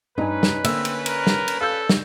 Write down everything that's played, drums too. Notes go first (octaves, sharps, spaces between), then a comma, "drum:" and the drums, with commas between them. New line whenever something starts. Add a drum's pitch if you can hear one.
G2 C#4 D#4 B4 G#5
drum: snare
D3 A#3 C4 E5, drum: cymbal
drum: cymbal
A#4, drum: cymbal
drum: snare
drum: cymbal
A4 F5 E6 G6
drum: snare